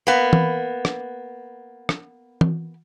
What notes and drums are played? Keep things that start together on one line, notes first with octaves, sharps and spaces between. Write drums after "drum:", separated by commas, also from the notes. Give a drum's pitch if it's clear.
A#3 B3
drum: tom E3
drum: rim click
drum: rim click
drum: tom E3